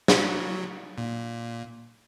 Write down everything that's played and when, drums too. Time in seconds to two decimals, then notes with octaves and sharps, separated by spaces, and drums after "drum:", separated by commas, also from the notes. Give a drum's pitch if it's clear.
0.08 F#3, drum: snare
0.98 A#2